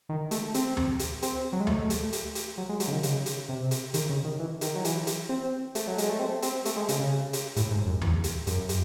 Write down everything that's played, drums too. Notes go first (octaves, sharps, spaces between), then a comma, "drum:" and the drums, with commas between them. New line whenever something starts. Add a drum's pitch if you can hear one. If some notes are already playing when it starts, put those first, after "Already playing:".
D#3
A3, drum: hi-hat
C4, drum: hi-hat
drum: tom D2
drum: hi-hat
C4, drum: hi-hat
F#3
G#3
A3, drum: tom D2
drum: hi-hat
drum: hi-hat
drum: hi-hat
F#3
G#3
F#3, drum: hi-hat
C#3
D#3
C#3, drum: hi-hat
drum: hi-hat
C3
drum: hi-hat
D#3, drum: hi-hat
C#3
D#3
E3
D#3, drum: hi-hat
F#3
E3, drum: hi-hat
drum: hi-hat
C4
A3, drum: hi-hat
F#3
G#3, drum: hi-hat
A3
C4
C4, drum: hi-hat
A3, drum: hi-hat
G#3
C#3, drum: hi-hat
C#3
drum: hi-hat
A2, drum: hi-hat
G#2
F#2
E2, drum: tom D2
drum: hi-hat
F#2, drum: hi-hat
drum: hi-hat